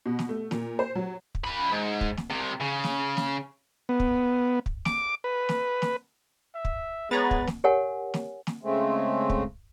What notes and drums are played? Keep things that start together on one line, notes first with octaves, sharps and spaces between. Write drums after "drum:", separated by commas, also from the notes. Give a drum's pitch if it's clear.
B2
drum: snare
A3
A#2, drum: snare
C5
F#3
drum: kick
F3 B5
G#2
drum: kick
drum: snare
C2 C3
C#3
drum: snare
drum: snare
B3
drum: kick
drum: kick
D6, drum: snare
B4
drum: snare
drum: snare
E5
drum: kick
G#3 B3 B4 C#5 A#5 A6
drum: kick
drum: snare
G4 A#4 C#5 F#5 G#5
drum: snare
drum: snare
C#3 G#3 A3 C4
drum: kick